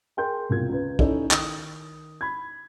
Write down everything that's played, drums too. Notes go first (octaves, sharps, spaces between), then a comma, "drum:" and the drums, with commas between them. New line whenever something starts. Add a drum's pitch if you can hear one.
G#4 A#4 G5 C6 G6
E1 C2 A#3 F4 G#6
C#2 B4
C#4 D#4 E4 A4 C#5, drum: kick
D#3 D#6, drum: clap
B5 G#6